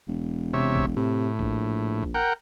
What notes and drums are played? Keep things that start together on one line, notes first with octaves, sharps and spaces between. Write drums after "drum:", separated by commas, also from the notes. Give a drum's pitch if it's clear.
E1
C3 C#5 E5
drum: kick A1
A2 C3
A#1, drum: kick A1
drum: kick A1
A#4 F#5 G5